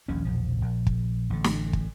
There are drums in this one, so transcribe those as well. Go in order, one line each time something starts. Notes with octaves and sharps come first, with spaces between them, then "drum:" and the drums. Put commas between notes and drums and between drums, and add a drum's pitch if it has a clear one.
D#1 A#1 D#2 C#4
E1 A#1 F3
A#1
drum: kick
A1 D3
drum: snare
drum: kick